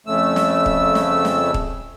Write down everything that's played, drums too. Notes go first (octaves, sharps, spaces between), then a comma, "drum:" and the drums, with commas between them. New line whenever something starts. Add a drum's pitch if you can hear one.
F2 C#3 A3 E6
drum: snare
drum: kick
drum: snare
drum: snare
drum: kick